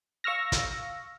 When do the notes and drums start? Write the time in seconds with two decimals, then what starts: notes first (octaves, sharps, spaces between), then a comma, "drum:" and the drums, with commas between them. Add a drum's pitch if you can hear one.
0.24 F5 C#6 E6 F6 A#6
0.52 drum: kick, hi-hat